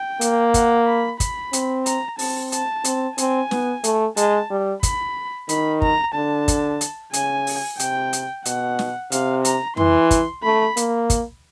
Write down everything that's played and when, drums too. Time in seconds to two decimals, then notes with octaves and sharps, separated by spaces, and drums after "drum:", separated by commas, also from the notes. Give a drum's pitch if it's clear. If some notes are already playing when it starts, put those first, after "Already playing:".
Already playing: G5
0.21 A#3, drum: hi-hat
0.54 F#5, drum: kick, hi-hat
0.86 B5
1.20 B5, drum: kick, hi-hat
1.53 C4, drum: hi-hat
1.86 A#5, drum: hi-hat
2.19 C4 A5, drum: open hi-hat
2.52 A5, drum: hi-hat
2.84 C4, drum: hi-hat
3.18 C4 G#5, drum: hi-hat
3.51 B3, drum: snare
3.84 A3, drum: hi-hat
4.17 G#3 A5, drum: hi-hat
4.50 G3
4.83 B5, drum: kick, hi-hat
5.49 D#3 B5, drum: hi-hat
5.82 A#5, drum: kick
6.15 D3 A5
6.48 drum: kick, hi-hat
6.81 drum: hi-hat
7.13 C#3 G#5, drum: hi-hat
7.47 drum: open hi-hat
7.79 C3 G5, drum: hi-hat
8.13 drum: hi-hat
8.45 B2 F#5, drum: hi-hat
8.79 drum: snare
9.12 C3 F5, drum: hi-hat
9.45 A#5, drum: hi-hat
9.77 E3 C6, drum: tom F2
10.11 drum: kick, hi-hat
10.43 A3 B5
10.77 A#3, drum: hi-hat
11.10 drum: kick, hi-hat